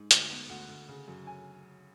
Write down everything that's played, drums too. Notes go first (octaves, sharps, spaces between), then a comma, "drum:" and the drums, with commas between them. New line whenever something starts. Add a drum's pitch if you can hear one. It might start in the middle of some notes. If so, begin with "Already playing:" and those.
Already playing: G#2
D2, drum: hi-hat
B3
D2 F#5
D2
C#3
F#2
G#5